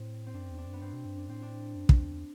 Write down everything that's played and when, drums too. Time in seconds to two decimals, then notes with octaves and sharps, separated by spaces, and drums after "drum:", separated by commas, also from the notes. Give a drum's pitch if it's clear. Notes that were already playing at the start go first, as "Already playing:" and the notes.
Already playing: A2 C4
0.26 C4
0.34 F#2 D4
0.50 E2
0.58 D4
0.66 F#2
0.73 B3
0.81 G2 C4
0.93 B2
1.05 G2
1.17 F#2 D4
1.28 A2 C4
1.42 D4
1.75 F#2
1.89 F#2, drum: kick
1.99 E2